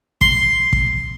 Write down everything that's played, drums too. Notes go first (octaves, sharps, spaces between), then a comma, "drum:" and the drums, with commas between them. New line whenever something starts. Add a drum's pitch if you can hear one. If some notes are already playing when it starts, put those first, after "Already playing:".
C6, drum: kick
drum: kick